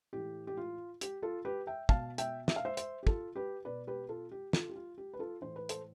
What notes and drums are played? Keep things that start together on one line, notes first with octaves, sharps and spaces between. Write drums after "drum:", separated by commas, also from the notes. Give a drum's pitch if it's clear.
A2 E3 G4
G4
F4
G4, drum: hi-hat
F4 A4
G4 B4
E5 G5
B2 F5 A5, drum: kick
E5 G5, drum: hi-hat
E5, drum: snare
F5
C5 E5
C5 E5, drum: hi-hat
G4
F4 A4, drum: kick
G4 B4
B2 B4 D5
G4 B4
F4 A4
G4
F4 A4, drum: snare
G4
F4
G4
B4
F4 A4
A2 E3 C5
B4
A4 C5, drum: hi-hat